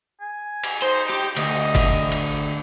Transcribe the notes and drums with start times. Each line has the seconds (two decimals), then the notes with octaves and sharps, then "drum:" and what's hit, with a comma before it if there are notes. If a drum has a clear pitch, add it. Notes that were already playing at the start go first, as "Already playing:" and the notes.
0.21 G#5
0.64 drum: cymbal
0.82 D#4 C5
1.10 G4
1.37 D2 D#5, drum: cymbal
1.75 drum: kick F#1, cymbal
2.12 drum: cymbal